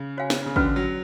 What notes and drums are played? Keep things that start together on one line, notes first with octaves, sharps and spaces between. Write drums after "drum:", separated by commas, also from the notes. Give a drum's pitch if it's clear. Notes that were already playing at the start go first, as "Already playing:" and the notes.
Already playing: C#3
F#4 C#5 F5 G#5
drum: snare
C#3
D3 C#4 F#4 B4, drum: kick A1
F#3